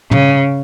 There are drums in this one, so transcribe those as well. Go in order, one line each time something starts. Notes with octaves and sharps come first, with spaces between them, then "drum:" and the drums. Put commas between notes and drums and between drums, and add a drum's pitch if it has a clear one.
C#3, drum: tom